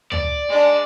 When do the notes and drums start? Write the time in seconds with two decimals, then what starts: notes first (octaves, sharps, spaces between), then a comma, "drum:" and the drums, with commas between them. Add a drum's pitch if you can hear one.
0.12 D5, drum: tom
0.48 G#3 D4